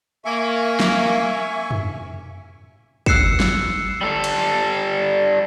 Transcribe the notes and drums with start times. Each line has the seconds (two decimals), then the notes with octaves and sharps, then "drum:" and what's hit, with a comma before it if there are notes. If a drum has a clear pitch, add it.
0.25 A#3 E5 G#5 C#6
0.80 drum: snare
1.71 drum: tom
3.06 E6 F#6 C7 C#7 E7, drum: kick
3.40 drum: snare
4.01 G3 A4
4.24 drum: cymbal